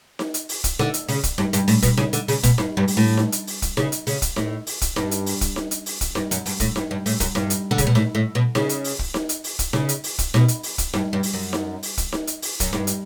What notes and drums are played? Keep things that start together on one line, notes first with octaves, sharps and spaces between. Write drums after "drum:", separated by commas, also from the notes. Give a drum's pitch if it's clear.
drum: snare D#4
drum: hi-hat
drum: open hi-hat
drum: kick, hi-hat
D3, drum: snare D#4
drum: hi-hat
C#3, drum: open hi-hat
drum: kick, hi-hat
G2, drum: snare D#4
G2, drum: hi-hat
A2, drum: open hi-hat
B2, drum: kick, hi-hat
C#3, drum: snare D#4
D3, drum: hi-hat
C#3, drum: open hi-hat
B2, drum: kick, hi-hat
G2, drum: snare D#4
G2
drum: open hi-hat
A2
drum: snare D#4
drum: hi-hat
drum: open hi-hat
drum: kick, hi-hat
C#3, drum: snare D#4
drum: hi-hat
C#3, drum: open hi-hat
drum: kick, hi-hat
A2, drum: snare D#4
drum: open hi-hat
drum: kick, hi-hat
G2, drum: snare D#4
drum: hi-hat
drum: open hi-hat
drum: kick, hi-hat
drum: snare D#4
drum: hi-hat
drum: open hi-hat
drum: kick, hi-hat
G2, drum: snare D#4
F#2, drum: hi-hat
G2, drum: open hi-hat
A2, drum: kick, hi-hat
G2, drum: snare D#4
G2
A2, drum: open hi-hat
F#2, drum: kick, hi-hat
G2, drum: snare D#4
drum: hi-hat
D3
C#3, drum: kick, hi-hat
B2
A2, drum: snare D#4
A2
B2
C#3, drum: snare D#4
drum: hi-hat
drum: open hi-hat
drum: kick
drum: snare D#4
drum: hi-hat
drum: open hi-hat
drum: kick, hi-hat
C#3, drum: snare D#4
drum: hi-hat
drum: open hi-hat
drum: kick, hi-hat
B2, drum: snare D#4
drum: hi-hat
drum: open hi-hat
drum: kick, hi-hat
G2, drum: snare D#4
G2
drum: open hi-hat
F#2
drum: snare D#4
drum: open hi-hat
drum: kick, hi-hat
drum: snare D#4
drum: hi-hat
drum: open hi-hat
F#2, drum: kick, hi-hat
G2, drum: snare D#4
drum: hi-hat